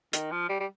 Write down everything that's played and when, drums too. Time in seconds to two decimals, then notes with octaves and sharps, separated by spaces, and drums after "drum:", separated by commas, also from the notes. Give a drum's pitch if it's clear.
0.13 D#3, drum: hi-hat
0.32 F3
0.49 G3
0.60 G3